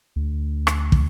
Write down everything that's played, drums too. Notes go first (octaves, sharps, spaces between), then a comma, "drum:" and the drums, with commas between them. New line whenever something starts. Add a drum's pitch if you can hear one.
D2
drum: rim click
drum: kick